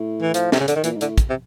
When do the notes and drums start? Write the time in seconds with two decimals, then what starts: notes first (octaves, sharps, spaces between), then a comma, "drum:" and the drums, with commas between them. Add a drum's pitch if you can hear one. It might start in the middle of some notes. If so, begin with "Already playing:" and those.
Already playing: A2
0.22 E3
0.34 F3, drum: hi-hat
0.52 C3, drum: snare
0.60 C#3
0.68 D3, drum: hi-hat
0.76 D#3
0.84 A#2 E3, drum: hi-hat
0.96 G#2
1.01 A2 D3, drum: hi-hat
1.18 drum: kick, hi-hat
1.30 C3